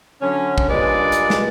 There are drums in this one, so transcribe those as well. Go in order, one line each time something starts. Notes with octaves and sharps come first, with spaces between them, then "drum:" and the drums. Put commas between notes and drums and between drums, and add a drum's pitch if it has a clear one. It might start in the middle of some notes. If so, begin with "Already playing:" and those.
D3 F#3 C#4
drum: kick
G2 A#2 G#3 B4 D5
drum: hi-hat
drum: snare